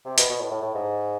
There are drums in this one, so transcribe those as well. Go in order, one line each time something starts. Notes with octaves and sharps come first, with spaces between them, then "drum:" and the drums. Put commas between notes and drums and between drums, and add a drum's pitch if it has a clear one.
C3
B2, drum: hi-hat
B2
A2
A2
A2
G#2